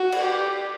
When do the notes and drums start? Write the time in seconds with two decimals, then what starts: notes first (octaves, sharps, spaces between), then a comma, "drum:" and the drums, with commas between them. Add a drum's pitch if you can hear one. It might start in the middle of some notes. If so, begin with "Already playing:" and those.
Already playing: F#4
0.12 drum: cymbal
0.24 G4